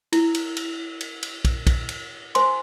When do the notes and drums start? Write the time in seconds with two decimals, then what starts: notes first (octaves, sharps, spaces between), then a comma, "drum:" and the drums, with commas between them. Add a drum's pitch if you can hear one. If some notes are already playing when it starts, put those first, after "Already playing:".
0.12 E4, drum: cymbal
0.34 drum: cymbal
0.57 drum: cymbal
1.01 drum: cymbal
1.23 drum: cymbal
1.45 drum: kick, cymbal
1.67 drum: kick, cymbal
1.89 drum: cymbal
2.35 C5 G#5 C6, drum: cymbal